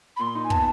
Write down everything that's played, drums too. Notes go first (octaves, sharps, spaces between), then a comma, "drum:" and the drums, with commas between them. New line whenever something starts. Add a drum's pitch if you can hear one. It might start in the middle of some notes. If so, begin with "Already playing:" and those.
B5
A#2 C6
D#4
G#5
B3 A5, drum: kick